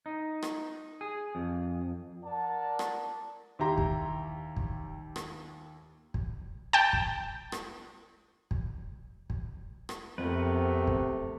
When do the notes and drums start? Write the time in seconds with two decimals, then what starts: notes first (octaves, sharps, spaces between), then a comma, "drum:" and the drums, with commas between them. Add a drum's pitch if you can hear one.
0.06 D#4
0.42 drum: rim click
1.01 G#4
1.35 F2
2.24 A#4 D5 F#5 A5
2.79 drum: rim click
3.59 D#2 E4 G4 A#5 C6
3.78 drum: kick
4.57 drum: kick
5.16 drum: rim click
6.14 drum: kick
6.73 G5 A5
6.93 drum: kick
7.52 drum: rim click
8.51 drum: kick
9.30 drum: kick
9.89 drum: rim click
10.18 F2 C3 A3 B3 C4 A#4 B4
10.87 drum: kick